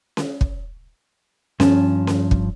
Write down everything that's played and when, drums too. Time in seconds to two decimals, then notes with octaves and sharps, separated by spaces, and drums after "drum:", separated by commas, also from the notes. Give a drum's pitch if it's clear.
0.17 drum: snare C#4
0.41 drum: kick
1.60 G2 F3 C#4 A5, drum: snare C#4
2.07 drum: snare C#4
2.31 drum: kick